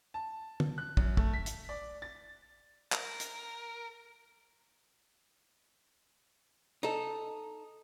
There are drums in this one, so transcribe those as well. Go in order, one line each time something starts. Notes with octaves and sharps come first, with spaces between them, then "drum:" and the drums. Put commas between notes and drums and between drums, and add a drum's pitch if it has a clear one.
A5
drum: tom
F#6
F#2, drum: kick
A3, drum: kick
B6
drum: hi-hat
D5
A6
A#4, drum: clap
drum: hi-hat
D#4 A4